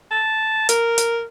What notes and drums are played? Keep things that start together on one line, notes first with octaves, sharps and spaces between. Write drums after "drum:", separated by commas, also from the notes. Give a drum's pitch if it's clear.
A5
A#4, drum: hi-hat
drum: hi-hat